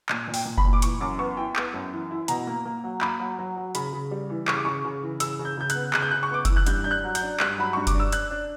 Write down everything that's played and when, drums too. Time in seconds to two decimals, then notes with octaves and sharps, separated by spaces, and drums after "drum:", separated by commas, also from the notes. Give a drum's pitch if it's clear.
0.09 A#2, drum: clap
0.28 A#2
0.34 G5, drum: open hi-hat
0.46 A#2
0.58 B5, drum: kick F1
0.64 A#2
0.73 D6
0.82 E3 C#6, drum: hi-hat
1.01 F#2 D6
1.19 B3 C#6
1.37 E4 G5
1.56 B3, drum: clap
1.74 F#2
1.92 E3
2.11 E4
2.28 B2 A#5, drum: hi-hat
2.47 A#3
2.65 A#3
2.84 F#3
3.01 A#3 B5, drum: clap
3.20 F#3
3.39 F#3
3.57 F#3
3.75 C#3 B5, drum: hi-hat
3.93 C#3
4.11 G3
4.30 E3
4.48 C#3 C#6, drum: clap
4.56 D6
4.65 C#3 C#6
4.85 C#3
5.02 E3
5.20 C#3 E6, drum: hi-hat
5.39 C#3
5.45 G6
5.57 C#3 G6
5.70 F#6, drum: hi-hat
5.75 B3
5.94 C#3 F#6, drum: clap
6.02 G6
6.11 C#3 F#6
6.23 C#6
6.30 B3 D6
6.45 E3 E6, drum: kick F1, hi-hat
6.56 F#6
6.66 G2 G6, drum: hi-hat
6.84 D4 G6
6.91 F#6
7.04 F#3
7.15 G6, drum: hi-hat
7.22 D4
7.40 G2 F#6, drum: clap
7.58 F#3 B5
7.73 G2 C#6
7.87 D6, drum: kick F1, hi-hat
7.94 D4
8.00 E6
8.12 D4 F#6, drum: hi-hat
8.31 D4